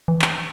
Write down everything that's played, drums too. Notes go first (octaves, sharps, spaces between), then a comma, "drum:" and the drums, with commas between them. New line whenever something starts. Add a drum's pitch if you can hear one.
E3
drum: clap